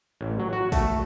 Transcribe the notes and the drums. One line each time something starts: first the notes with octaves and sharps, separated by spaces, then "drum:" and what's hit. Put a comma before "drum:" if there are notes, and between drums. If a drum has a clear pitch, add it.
A1
F#3
F#4
A3, drum: kick, open hi-hat